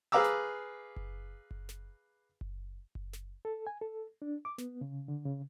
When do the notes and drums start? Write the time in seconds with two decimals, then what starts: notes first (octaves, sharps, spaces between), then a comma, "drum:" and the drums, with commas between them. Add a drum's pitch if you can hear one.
0.12 G#4 B4 F5 A#5 D6 E6
0.24 drum: snare
0.96 drum: kick F#1
1.51 drum: kick F#1
1.69 drum: snare
2.41 drum: kick F#1
2.95 drum: kick F#1
3.13 drum: snare
3.45 A4
3.67 G#5
3.81 A4
4.22 D4
4.45 D6
4.58 B3, drum: snare
4.81 C#3
5.08 D3
5.25 C#3